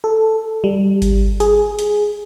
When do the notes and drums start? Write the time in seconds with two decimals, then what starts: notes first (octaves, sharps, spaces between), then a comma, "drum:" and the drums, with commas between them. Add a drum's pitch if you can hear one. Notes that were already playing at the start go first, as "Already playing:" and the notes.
0.04 A4
0.64 G3
1.02 drum: kick G#1, hi-hat
1.40 G#4, drum: hi-hat
1.79 drum: hi-hat